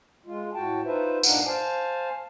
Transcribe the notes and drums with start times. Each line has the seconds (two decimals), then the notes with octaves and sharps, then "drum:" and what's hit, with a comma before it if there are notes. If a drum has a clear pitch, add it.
0.26 G#3 F4
0.55 A2 F#4 G5 A5
0.85 D#4 F4 B4 C5 E5
1.23 G2 A#2 D4 D#4 F5 F#5, drum: tambourine
1.46 C5 F5 G#5 A5